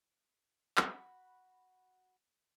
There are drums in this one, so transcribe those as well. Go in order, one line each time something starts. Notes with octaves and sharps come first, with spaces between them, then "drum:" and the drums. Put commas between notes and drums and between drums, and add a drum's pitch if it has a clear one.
F#4 B5, drum: clap